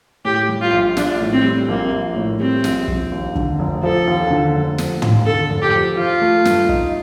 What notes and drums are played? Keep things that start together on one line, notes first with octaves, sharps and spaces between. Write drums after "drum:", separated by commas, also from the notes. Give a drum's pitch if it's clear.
A2 G4
G3
F4
A#1
A#1 D4, drum: snare
A2
C4
G3
A#1 A#3
A#1
A2
G3 C4
A#1, drum: snare
A#1, drum: kick
D#2
D3, drum: kick
F1
F3 A4
D#2
D3
F1
F3, drum: snare
D#2, drum: tom
D3 A4
F1
G4
F3
F3 F4
A3
G2, drum: snare
D#4, drum: kick